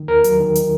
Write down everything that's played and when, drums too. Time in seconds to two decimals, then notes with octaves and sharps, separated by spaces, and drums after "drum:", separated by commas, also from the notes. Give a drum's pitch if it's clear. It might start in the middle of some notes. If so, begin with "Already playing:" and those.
Already playing: D#3
0.08 D#2 A#4
0.24 F#3, drum: hi-hat
0.40 D#3
0.55 drum: hi-hat